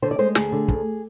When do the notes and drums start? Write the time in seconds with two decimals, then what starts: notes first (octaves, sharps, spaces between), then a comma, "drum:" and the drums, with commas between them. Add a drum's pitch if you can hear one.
0.02 D3 C5
0.11 D5
0.19 G#3 C5
0.35 D2 G#4, drum: snare
0.52 D3
0.68 D2, drum: kick